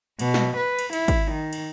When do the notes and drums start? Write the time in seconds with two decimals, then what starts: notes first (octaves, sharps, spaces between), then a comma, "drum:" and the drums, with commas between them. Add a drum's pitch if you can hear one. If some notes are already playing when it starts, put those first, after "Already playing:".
0.19 B2, drum: cymbal
0.34 drum: snare
0.56 B4
0.79 drum: cymbal
0.93 E4, drum: cymbal
1.08 drum: kick, cymbal
1.30 D#3
1.53 drum: cymbal